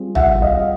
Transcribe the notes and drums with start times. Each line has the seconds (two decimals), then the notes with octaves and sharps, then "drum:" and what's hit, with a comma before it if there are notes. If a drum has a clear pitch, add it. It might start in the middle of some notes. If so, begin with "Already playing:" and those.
Already playing: G3 C4 F4 G#4
0.15 E5 F#5, drum: tom
0.42 D#5 F5